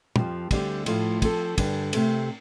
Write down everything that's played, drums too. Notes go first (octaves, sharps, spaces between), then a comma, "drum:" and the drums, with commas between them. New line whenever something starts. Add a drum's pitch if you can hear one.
F2 F3 C4 G4, drum: tom
D2 D3 G3 C4 G4, drum: kick, cymbal
A2 F3 A3 F4, drum: cymbal
F3 C4 A4, drum: kick, cymbal
G2 D3 G3, drum: kick, cymbal
C3 A3 C4, drum: cymbal